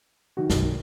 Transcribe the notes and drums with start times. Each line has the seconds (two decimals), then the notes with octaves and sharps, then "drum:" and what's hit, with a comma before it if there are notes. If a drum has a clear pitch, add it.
0.37 D#3 F#4
0.50 B1 F#2, drum: snare